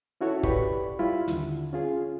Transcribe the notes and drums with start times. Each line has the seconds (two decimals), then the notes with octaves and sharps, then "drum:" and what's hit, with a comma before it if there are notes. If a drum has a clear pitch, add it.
0.21 C#4 E4 F#4 A4 C#5
0.43 G4 B4 D5 B5 C#6, drum: kick
0.99 G3 E4 F4 B5
1.28 D#2 D3, drum: hi-hat
1.73 C#4 F4 G#4